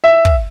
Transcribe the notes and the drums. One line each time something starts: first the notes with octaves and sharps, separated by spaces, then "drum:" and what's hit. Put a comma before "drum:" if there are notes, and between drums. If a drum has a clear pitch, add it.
E5
drum: kick